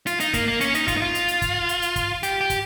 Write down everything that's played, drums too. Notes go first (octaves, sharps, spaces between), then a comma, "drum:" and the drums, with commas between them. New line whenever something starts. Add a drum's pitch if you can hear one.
F4, drum: hi-hat
D#4, drum: hi-hat
A#3, drum: kick, hi-hat
A#3
C#4, drum: hi-hat
D#4, drum: hi-hat
F4, drum: kick, hi-hat
D#4
F4
drum: hi-hat
drum: hi-hat
drum: kick, hi-hat
drum: hi-hat
drum: hi-hat
drum: kick, hi-hat
G4, drum: hi-hat
G4
drum: kick, hi-hat